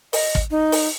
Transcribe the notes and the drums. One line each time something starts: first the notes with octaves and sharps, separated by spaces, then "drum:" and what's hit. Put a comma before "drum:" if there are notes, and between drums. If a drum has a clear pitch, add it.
D#5, drum: open hi-hat
drum: kick
D#4
drum: open hi-hat